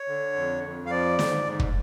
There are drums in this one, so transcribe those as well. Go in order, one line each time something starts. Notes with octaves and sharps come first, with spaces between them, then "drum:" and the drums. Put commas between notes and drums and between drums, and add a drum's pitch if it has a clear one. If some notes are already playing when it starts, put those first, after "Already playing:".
Already playing: C#5
D3
F2
F2
F5
F3 D5
G#2, drum: snare
G#2
drum: kick